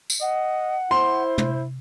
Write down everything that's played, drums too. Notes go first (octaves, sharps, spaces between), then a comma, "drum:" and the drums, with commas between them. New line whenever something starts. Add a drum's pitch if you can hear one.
drum: tambourine
D#5 F#5
E4 C5 C6
drum: tom